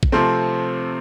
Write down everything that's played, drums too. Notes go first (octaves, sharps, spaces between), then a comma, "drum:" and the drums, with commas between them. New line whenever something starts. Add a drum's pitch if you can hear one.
drum: kick
C3 F3 A3 C4